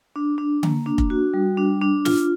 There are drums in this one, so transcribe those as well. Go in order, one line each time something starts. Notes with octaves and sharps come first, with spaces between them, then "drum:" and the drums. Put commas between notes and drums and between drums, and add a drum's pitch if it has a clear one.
D4
D4
A#3, drum: tom D3
D4
drum: kick F1
F#4
G3
D4
D4
F4, drum: snare